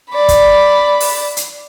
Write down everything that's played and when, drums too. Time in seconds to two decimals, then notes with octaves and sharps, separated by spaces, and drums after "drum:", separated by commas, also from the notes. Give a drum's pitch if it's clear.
0.10 D5 B5
0.28 drum: kick, hi-hat
1.01 drum: open hi-hat
1.37 drum: hi-hat